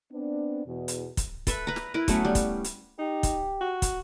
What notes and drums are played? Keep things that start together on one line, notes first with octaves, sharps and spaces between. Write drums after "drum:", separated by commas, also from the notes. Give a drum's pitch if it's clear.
B3 C4 D4
E2 B2
drum: hi-hat
drum: kick, hi-hat
A4 B4 E5, drum: kick, hi-hat
B4 A#5
drum: snare
E4 A#4 B4
F#3 A3 B3 C#4, drum: kick, hi-hat
G3
drum: kick, hi-hat
drum: hi-hat
D#4 G4
drum: kick, hi-hat
F#4
drum: kick, hi-hat